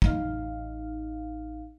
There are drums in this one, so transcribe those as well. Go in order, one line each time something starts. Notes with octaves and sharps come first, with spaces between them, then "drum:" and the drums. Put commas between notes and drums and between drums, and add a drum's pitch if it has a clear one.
A1 D#4 F5, drum: kick